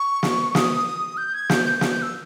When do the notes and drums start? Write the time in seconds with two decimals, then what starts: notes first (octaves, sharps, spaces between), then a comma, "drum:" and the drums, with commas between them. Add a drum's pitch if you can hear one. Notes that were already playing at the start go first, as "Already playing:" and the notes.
Already playing: C#6
0.23 drum: snare
0.55 D#6, drum: snare
1.17 G6
1.34 G#6
1.49 G6, drum: snare
1.66 G6
1.81 drum: snare
1.91 G6
2.02 E6